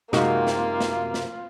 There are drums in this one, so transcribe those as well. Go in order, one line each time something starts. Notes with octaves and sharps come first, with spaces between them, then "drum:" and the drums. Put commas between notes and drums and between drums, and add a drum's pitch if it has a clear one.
F#2 C3 G#3 A#3 D#4 F4 F#4 A#4, drum: snare
drum: snare
drum: snare
drum: snare